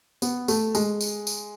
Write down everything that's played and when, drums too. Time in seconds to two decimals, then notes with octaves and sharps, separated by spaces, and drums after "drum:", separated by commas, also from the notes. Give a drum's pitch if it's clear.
0.22 B3, drum: tambourine
0.48 A3, drum: tambourine
0.75 G#3, drum: tambourine
1.01 drum: tambourine
1.27 drum: tambourine